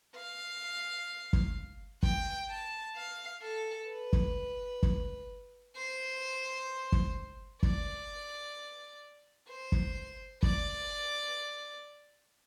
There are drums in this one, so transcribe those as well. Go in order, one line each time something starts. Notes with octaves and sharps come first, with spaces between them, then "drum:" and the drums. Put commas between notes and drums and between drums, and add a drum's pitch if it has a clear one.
F5
drum: kick G1
G5, drum: kick G1
A5
F5
A4
B4
drum: kick G1
drum: kick G1
C5
drum: kick G1
D5, drum: kick G1
C5
drum: kick G1
D5, drum: kick G1